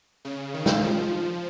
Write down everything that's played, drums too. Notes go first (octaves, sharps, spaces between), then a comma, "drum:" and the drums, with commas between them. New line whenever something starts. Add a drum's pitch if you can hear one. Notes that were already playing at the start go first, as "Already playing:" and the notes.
C#3
D#3
drum: snare
F3